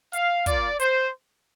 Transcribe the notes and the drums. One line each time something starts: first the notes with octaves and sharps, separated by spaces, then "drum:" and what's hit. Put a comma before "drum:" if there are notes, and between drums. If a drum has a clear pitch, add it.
F5, drum: hi-hat
A#3 F4 D5, drum: kick, hi-hat
C5, drum: hi-hat